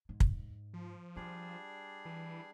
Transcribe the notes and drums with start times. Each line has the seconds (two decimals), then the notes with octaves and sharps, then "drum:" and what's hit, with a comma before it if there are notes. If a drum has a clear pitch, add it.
0.09 G#2
0.20 drum: kick
0.74 F3
1.16 G3 D4 F4 G#4
2.05 E3